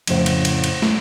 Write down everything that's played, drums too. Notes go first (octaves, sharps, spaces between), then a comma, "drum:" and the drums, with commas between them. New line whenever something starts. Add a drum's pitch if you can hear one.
F2 A2 C#3 E4 C5 F#5, drum: cymbal
drum: cymbal
drum: cymbal
drum: cymbal
drum: snare